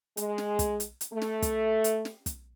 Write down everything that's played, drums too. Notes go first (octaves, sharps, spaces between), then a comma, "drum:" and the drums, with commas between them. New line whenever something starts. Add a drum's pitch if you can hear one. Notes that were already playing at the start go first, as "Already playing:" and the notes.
G#3, drum: hi-hat
drum: snare
drum: kick, hi-hat
drum: hi-hat
drum: hi-hat
A3
drum: snare
drum: kick, hi-hat
drum: hi-hat
drum: snare
drum: kick, hi-hat